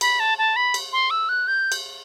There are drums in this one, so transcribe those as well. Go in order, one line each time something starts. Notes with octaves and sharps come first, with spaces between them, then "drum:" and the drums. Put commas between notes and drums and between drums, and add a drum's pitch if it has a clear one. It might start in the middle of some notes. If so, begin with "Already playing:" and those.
B5, drum: cymbal
A5
A5
B5
drum: cymbal
C6
E6
F#6
G6
drum: cymbal